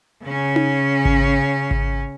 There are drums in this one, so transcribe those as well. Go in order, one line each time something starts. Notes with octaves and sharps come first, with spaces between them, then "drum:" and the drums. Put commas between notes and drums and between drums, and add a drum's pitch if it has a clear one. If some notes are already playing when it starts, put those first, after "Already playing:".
C#3 C#4
drum: tom D#4
drum: kick G#1
drum: kick G#1